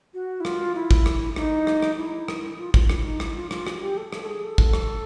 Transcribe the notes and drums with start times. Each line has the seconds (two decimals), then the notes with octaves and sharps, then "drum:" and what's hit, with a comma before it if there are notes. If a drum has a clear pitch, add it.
0.14 F#4
0.40 E4
0.45 F4, drum: rim click
0.75 E4
0.91 drum: kick
1.06 drum: rim click
1.36 D#4, drum: rim click
1.67 drum: rim click
1.82 drum: rim click
1.98 E4
2.28 drum: rim click
2.58 F4
2.74 F4, drum: kick
2.90 E4, drum: rim click
3.05 D#4
3.20 E4, drum: rim click
3.36 F4
3.51 F4, drum: rim click
3.67 F#4, drum: rim click
3.82 G4
3.97 A4
4.13 A4, drum: rim click
4.23 A4
4.27 G#4
4.43 A4
4.58 drum: kick
4.73 drum: rim click